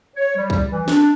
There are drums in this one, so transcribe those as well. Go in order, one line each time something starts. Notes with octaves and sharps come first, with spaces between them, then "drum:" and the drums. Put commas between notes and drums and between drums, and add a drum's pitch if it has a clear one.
C#5
G3
drum: kick
E3
D4, drum: snare